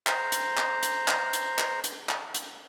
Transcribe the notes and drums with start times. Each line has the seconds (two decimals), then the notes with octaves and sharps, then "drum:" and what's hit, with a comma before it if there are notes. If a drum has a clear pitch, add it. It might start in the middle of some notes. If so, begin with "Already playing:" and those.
0.07 C5 A#5, drum: clap
0.32 drum: hi-hat
0.57 drum: clap
0.83 drum: hi-hat
1.08 drum: clap
1.33 drum: hi-hat
1.59 drum: clap
1.84 drum: hi-hat
2.09 drum: clap
2.34 drum: hi-hat